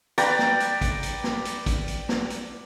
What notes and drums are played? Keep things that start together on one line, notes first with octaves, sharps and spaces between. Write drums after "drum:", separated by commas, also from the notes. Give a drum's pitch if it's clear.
B4 D5 G5 A#5, drum: hi-hat
drum: snare
drum: hi-hat
drum: kick, hi-hat
drum: hi-hat
drum: snare
drum: hi-hat
drum: kick, hi-hat
drum: hi-hat
drum: snare
drum: hi-hat